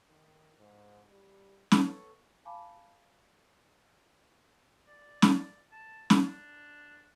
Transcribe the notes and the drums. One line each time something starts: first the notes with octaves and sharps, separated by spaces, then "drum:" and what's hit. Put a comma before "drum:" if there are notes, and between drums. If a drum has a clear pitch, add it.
D#3
G#2
G3
B3 A4 C#5, drum: snare
F5 G#5 A5 B5 D6
D5
drum: snare
A5
drum: snare
D4